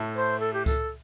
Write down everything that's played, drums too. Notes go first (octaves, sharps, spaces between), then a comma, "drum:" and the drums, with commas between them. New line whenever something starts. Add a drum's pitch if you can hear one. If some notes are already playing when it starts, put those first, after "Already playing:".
Already playing: A2 A3 E4
C5
A4
G4
A4, drum: kick C#2, tambourine